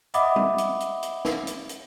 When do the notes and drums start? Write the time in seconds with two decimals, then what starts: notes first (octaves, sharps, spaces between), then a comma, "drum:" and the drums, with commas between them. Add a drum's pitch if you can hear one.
0.14 D#5 E5 F#5 B5 D6 D#6, drum: hi-hat
0.36 drum: tom G3
0.58 drum: hi-hat
0.80 drum: hi-hat
1.03 drum: hi-hat
1.25 drum: snare
1.47 drum: hi-hat
1.69 drum: hi-hat